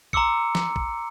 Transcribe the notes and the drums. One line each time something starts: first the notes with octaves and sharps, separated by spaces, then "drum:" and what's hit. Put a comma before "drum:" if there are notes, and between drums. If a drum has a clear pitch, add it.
A#5 C6 D6 E6 C#7, drum: kick
drum: snare
drum: kick